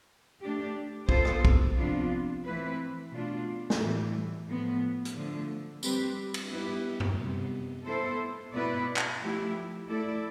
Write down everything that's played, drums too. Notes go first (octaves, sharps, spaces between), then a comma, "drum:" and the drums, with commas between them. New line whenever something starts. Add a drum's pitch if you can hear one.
A3 D4 G4
B3 F4 A4 C5, drum: kick
drum: rim click
drum: kick
C3 F3 B3 D4 F4
E3 A3 C4 E4 B4
B2 A3 D4 F4
drum: snare
A2 E3 G3
A2 F3 B3
drum: hi-hat
D3 F3 A3
G3 C4 G4 B4, drum: tambourine
drum: cymbal
G3 B3 E4 G4 B4
drum: tom F#2
C3 G3 B3
B3 E4 A4 C5
B2 B3 E4 B4 D5
drum: clap
F3 A3 E4 G4
A3 E4 A4 D5